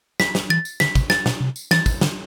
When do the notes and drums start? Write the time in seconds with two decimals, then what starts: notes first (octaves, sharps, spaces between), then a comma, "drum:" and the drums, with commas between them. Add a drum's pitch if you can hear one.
0.20 B6, drum: snare
0.35 drum: snare
0.50 E3 A6
0.65 drum: tambourine
0.80 D3 B6, drum: snare
0.95 C3, drum: kick, tambourine
1.10 A6, drum: snare
1.26 B2, drum: snare
1.40 C3
1.56 drum: tambourine
1.71 E3 A6, drum: snare
1.86 drum: kick, tambourine
2.01 D3, drum: snare